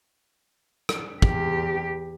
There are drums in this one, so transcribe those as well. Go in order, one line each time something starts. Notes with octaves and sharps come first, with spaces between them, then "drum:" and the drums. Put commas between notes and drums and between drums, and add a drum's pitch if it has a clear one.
drum: rim click
E2 G4, drum: kick